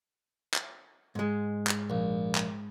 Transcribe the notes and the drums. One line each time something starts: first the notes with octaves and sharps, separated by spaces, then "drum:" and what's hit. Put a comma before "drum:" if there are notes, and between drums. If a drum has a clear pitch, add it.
drum: clap
G#2 G#3
drum: clap
A#1
drum: clap